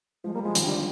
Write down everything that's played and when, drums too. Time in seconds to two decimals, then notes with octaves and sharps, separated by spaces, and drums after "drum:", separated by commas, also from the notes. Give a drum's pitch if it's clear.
0.24 F3 G#3
0.34 G3 A#3
0.42 F3 G#3
0.55 D#3, drum: hi-hat
0.65 D3 G3